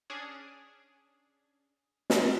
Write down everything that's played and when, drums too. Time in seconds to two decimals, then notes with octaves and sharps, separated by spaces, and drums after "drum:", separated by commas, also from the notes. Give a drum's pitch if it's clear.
0.10 C#4 D4 G#4
2.10 drum: snare